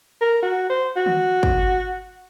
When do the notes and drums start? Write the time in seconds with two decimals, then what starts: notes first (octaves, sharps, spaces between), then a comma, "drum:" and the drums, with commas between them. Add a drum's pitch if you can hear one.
0.21 A#4
0.42 F#4
0.69 C5
0.96 F#4
1.06 drum: tom D#3
1.43 drum: kick